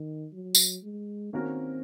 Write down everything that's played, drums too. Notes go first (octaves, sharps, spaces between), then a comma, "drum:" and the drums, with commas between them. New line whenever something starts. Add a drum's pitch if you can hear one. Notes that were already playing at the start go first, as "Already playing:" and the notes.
Already playing: D#3
F#3
drum: tambourine
G#3
D#3 A#3 C4 C#4 F#4 A#4